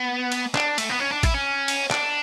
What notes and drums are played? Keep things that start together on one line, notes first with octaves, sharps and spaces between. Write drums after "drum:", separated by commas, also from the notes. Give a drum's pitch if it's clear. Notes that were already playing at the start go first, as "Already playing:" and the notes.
Already playing: B3
drum: cymbal
D4, drum: clap
A3, drum: cymbal
B3
C#4
D4
E4, drum: kick, cymbal
C#4
drum: cymbal
D4, drum: clap